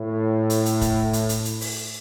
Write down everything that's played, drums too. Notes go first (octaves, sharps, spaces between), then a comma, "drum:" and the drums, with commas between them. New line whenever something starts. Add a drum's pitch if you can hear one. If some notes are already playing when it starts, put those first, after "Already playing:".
Already playing: A2
drum: hi-hat
drum: hi-hat
drum: kick, hi-hat
drum: hi-hat
drum: hi-hat
drum: hi-hat
drum: open hi-hat